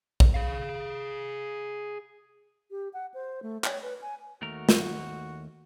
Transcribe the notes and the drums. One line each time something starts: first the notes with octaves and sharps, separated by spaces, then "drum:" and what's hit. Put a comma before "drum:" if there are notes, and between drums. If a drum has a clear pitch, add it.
drum: kick A#1
G#4 F5
G4
F#5
C5
A3
C#5, drum: clap
B4
G#5
D#2 A3 F#4 A#4
drum: snare